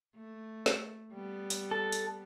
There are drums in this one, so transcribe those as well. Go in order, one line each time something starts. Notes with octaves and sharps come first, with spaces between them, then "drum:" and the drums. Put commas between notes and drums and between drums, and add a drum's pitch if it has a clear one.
A3
drum: snare
G3 B3
drum: hi-hat
A4
drum: hi-hat